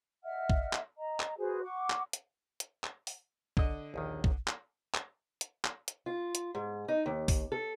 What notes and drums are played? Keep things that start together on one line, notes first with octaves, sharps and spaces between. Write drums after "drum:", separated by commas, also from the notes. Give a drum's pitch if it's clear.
D#5 E5 F#5 F6
drum: kick
drum: clap
D#5 A#5
drum: clap
F#4 G#4 B4 C5
F#5 C#6 D6
drum: clap
drum: hi-hat
drum: hi-hat
drum: clap
drum: open hi-hat
D3 D#5, drum: kick
A#1 D#2 D#3
drum: kick
drum: clap
drum: clap
drum: hi-hat
drum: clap
drum: hi-hat
F4
drum: hi-hat
G#2
D#4
D#2
drum: kick, open hi-hat
A4